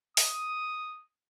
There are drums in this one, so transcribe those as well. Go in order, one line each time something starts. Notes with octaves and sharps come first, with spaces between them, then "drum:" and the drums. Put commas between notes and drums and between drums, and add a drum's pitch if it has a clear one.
D#6, drum: open hi-hat